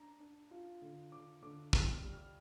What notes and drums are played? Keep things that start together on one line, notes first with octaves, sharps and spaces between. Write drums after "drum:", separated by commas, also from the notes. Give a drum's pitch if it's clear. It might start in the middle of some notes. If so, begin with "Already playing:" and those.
Already playing: D4 A#5
D4
F4
D3
D3 D6
D3 D6
G3 E6, drum: kick
F6
G3
F6